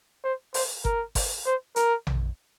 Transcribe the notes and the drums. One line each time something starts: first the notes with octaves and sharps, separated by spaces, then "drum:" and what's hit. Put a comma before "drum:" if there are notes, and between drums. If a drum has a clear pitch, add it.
C5
C5, drum: open hi-hat
A#4, drum: kick G1
drum: kick G1, open hi-hat
C5
A#4, drum: hi-hat
drum: tom A#1